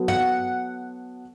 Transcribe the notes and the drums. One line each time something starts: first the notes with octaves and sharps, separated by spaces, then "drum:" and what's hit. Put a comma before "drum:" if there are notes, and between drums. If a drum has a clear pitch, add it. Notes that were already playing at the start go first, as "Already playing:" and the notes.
Already playing: F#3 B3 F#4 A4
F#5, drum: tom G2